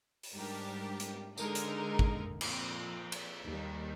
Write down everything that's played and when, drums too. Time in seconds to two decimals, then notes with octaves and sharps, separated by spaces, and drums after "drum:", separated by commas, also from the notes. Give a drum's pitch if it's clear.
0.23 drum: open hi-hat
0.34 G#2 G3 D4 G4 A#4
1.00 drum: hi-hat
1.37 D3 G#3 D#4 A#4, drum: tambourine
1.55 drum: hi-hat
1.99 drum: kick G#1
2.41 A#2 F3 C4, drum: cymbal
3.12 drum: cymbal
3.44 D#2 D#3 G3